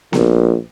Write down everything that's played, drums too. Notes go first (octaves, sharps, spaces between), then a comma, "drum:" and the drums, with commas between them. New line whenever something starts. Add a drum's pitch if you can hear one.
A#1, drum: snare B3